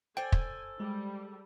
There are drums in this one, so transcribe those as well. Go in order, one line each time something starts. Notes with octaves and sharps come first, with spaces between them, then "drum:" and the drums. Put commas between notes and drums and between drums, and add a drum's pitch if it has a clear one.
A4 C5 D5 G5 G#5
drum: kick
G3 G#3